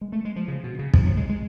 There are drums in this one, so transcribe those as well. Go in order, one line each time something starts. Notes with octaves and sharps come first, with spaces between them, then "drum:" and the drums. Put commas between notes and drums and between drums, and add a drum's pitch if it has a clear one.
G#3
A3
G#3
F3
C#3
B2
C#3
F3, drum: kick
F#3
G#3
G#3